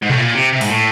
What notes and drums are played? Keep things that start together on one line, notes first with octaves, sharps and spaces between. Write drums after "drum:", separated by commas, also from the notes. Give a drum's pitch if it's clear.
G#2
A2, drum: tom A#2
A#2
C3
C3
G#2, drum: open hi-hat
A2